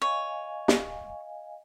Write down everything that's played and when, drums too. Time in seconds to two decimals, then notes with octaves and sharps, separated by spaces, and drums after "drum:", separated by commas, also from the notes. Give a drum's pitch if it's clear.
0.02 C#5 D#5 F5 G#5
0.68 drum: snare